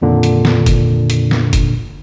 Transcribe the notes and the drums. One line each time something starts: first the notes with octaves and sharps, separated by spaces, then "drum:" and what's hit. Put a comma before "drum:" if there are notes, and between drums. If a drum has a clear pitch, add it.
F2 A#2 D3 D#3 D4
drum: hi-hat
drum: snare
drum: kick, hi-hat
drum: hi-hat
drum: snare
drum: kick, hi-hat